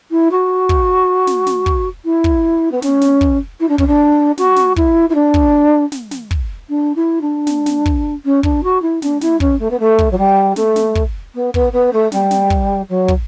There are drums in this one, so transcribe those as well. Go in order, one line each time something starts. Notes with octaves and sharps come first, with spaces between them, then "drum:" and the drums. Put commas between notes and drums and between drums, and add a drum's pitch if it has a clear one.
E4
F#4
drum: kick
drum: snare
drum: snare
drum: kick
E4
drum: kick
B3
C#4, drum: snare
drum: snare
drum: kick
E4
D4
C#4, drum: kick
D4
F#4, drum: snare
drum: snare
E4, drum: kick
E4
D4
drum: kick
drum: snare
drum: snare
drum: kick
D4
E4
D4
drum: snare
drum: snare
drum: kick
C#4
D4, drum: kick
F#4
E4
D4, drum: snare
E4, drum: snare
C#4, drum: kick
A3
B3
A3
drum: kick
F#3
G3
A3, drum: snare
drum: snare
drum: kick
B3
B3, drum: kick
B3
A3
G3, drum: snare
drum: snare
drum: kick
F#3
drum: kick